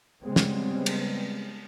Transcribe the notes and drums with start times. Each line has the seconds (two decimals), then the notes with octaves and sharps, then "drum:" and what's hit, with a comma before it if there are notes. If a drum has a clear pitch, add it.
0.24 C#3 G3 G#3 B3 C4
0.36 drum: snare
0.86 drum: cymbal